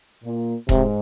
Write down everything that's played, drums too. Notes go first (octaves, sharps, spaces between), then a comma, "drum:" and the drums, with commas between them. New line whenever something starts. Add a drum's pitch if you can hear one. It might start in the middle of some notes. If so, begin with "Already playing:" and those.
A#2
G#2 C3, drum: kick D#1, hi-hat